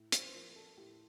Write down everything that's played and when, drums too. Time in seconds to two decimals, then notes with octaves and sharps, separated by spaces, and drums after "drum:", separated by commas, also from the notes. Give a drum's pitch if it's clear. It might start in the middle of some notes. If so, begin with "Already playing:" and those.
Already playing: A2
0.12 C5, drum: hi-hat
0.26 C5
0.34 F3 A#4
0.49 A#4
0.56 A4
0.77 A2 G4